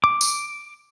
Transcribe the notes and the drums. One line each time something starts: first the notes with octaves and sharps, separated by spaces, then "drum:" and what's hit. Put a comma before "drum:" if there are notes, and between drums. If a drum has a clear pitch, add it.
D6
drum: tambourine